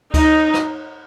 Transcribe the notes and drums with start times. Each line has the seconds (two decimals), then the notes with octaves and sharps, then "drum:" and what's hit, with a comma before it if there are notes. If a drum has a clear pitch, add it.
0.14 D#4, drum: kick D2, cymbal
0.54 drum: rim click